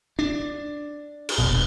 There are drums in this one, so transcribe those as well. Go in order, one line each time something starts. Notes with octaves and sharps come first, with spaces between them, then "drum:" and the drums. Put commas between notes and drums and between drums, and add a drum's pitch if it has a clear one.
D4
drum: cymbal
F1 A#1 B2